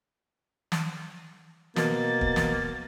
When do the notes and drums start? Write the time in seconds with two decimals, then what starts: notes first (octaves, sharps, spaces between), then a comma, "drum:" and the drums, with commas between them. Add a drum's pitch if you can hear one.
0.72 drum: snare
1.76 B2 A#3 A6, drum: snare
2.21 drum: kick
2.36 drum: snare